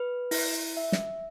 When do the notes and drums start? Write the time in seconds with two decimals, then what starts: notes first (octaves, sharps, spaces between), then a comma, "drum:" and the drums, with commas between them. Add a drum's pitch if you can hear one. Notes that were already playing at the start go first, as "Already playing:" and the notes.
Already playing: B4
0.31 E4, drum: open hi-hat
0.77 E5
0.92 drum: snare